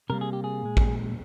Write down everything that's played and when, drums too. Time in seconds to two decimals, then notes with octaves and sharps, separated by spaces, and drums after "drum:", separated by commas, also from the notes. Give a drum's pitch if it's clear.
0.10 C3 G3 A#3 A#4
0.21 G#4
0.33 G4
0.44 G#4
0.62 A#2 G#3
0.77 drum: kick A1